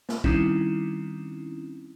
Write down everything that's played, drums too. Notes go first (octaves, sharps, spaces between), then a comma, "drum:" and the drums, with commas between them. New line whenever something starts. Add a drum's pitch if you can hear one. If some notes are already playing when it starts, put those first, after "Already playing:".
drum: snare
D#3 G3 C4 C#4 D#4 E4, drum: kick